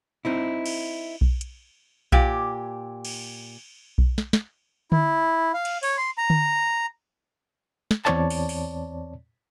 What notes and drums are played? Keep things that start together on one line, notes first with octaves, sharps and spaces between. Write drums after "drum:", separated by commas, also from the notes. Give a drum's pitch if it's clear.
C4 D#4 E4
drum: cymbal
drum: kick B1
drum: hi-hat
A#2 G4, drum: kick B1
drum: cymbal
drum: kick B1
drum: snare
drum: snare
E4, drum: tom D3
F5
drum: cymbal
C#5, drum: open hi-hat
C6
A#5
drum: tom D3
drum: snare
E2 C4 C#5 D5 A5, drum: clap
drum: open hi-hat
drum: open hi-hat